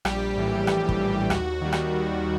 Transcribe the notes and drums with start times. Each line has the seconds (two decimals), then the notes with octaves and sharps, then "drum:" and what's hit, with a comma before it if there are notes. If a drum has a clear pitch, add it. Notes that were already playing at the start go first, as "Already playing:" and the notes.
0.05 A#1 G3 G4, drum: rim click
0.37 A2 E3
0.67 A#1, drum: rim click
0.89 drum: kick
1.00 A2 E3
1.30 D#2 F#4, drum: rim click
1.61 D#3 G3
1.72 drum: rim click
1.93 D#2